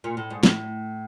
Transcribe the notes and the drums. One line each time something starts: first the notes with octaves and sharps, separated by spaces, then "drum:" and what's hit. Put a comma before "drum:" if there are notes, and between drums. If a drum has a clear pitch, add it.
A#2
A2
G#2
A2, drum: snare